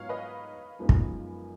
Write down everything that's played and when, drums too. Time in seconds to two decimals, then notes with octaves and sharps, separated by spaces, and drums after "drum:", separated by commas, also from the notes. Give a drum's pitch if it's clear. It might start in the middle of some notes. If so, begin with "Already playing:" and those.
Already playing: G#2 F#3 B3 F4 C#5 F5
0.09 B4 D#5
0.79 F#2 F3 G#3 B3 D#4
0.89 drum: kick